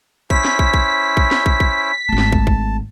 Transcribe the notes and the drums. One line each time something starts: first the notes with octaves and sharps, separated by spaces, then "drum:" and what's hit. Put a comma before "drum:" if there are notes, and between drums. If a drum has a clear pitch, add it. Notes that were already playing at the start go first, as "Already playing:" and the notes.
C#4 E4 C5 B6, drum: kick
drum: snare
drum: kick
drum: kick
drum: kick
drum: snare
drum: kick
drum: kick
G#1 A3 A5
drum: snare
drum: kick
drum: kick